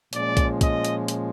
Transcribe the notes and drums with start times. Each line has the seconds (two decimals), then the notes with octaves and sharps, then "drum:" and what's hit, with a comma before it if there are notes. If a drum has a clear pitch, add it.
0.13 A#2 F3 G#3 C#4 D5, drum: hi-hat
0.37 drum: kick B1, hi-hat
0.61 D#5, drum: kick B1, hi-hat
0.85 drum: hi-hat
1.08 drum: hi-hat